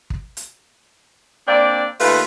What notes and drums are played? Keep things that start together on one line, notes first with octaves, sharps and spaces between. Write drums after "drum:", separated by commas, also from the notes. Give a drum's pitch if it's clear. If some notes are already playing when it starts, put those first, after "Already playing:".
drum: kick
drum: hi-hat
A#3 C4 D4 D5
D#2 A3 F4 B4, drum: open hi-hat